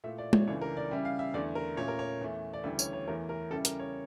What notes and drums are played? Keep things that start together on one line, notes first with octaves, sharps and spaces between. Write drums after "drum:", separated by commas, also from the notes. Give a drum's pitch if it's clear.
A#2 A3 E4 E5
D5
C#5, drum: tom G#3
C#2 C#3 E3 A3 D4 C#5
A#4
D5
C#3 G3 C#4 E4
F5
E5
E2 D3 A3 D5
A#4
A#2 A3 C#4 C#5
A#4
C#5
E2 E3 A3
D5
D2 C#3 E3 G3 E5
C#5, drum: tambourine
C#5
E2 E3 A3 A#4
A#4
C#3 G3 C#4 E4 A4
A#4, drum: hi-hat
C#5